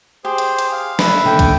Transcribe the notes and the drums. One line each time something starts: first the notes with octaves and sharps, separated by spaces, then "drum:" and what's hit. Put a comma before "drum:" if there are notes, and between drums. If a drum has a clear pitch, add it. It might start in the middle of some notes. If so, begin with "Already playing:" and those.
G4 G#4 C5
drum: hi-hat
drum: hi-hat
F5
B4 E5, drum: snare
D#2 D3 G5
drum: kick, hi-hat